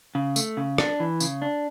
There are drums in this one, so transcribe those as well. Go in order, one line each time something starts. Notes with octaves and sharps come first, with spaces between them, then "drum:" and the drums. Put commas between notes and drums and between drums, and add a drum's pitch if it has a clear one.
C#3
A3, drum: tambourine
C#3
D4, drum: rim click
E3
C#3, drum: tambourine
D4